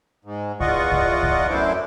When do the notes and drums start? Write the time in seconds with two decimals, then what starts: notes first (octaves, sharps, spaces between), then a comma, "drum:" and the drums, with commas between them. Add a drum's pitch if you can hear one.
0.25 G#2
0.60 E2 F4 D5 D#5 F#5 C#6, drum: kick C2
0.92 drum: kick C2
1.23 drum: kick C2
1.49 F#2 A2 D4 E4 C5 D6